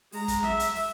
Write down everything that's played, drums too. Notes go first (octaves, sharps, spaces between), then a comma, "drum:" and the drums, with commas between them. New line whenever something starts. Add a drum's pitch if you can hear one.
G#3 A#5, drum: open hi-hat
drum: kick, hi-hat
E5, drum: snare
drum: hi-hat
drum: open hi-hat